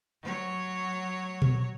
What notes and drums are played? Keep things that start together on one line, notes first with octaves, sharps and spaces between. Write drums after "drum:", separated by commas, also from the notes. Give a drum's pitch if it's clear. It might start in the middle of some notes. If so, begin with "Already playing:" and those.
F#3 C#5
drum: tom A#2